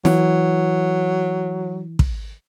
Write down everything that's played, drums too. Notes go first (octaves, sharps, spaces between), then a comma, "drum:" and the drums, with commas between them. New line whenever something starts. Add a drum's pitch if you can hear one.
E3 F#3, drum: snare
drum: kick